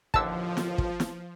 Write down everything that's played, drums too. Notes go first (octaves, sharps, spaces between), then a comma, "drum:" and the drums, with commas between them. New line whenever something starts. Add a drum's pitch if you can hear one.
A1 D#2 D3 F3 A5 E6, drum: kick
drum: snare
drum: kick
drum: snare